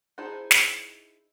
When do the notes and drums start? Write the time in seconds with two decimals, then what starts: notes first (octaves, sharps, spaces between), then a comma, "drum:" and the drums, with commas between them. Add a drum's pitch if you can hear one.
0.18 D#4 E4 G#4 C5 A5
0.51 drum: snare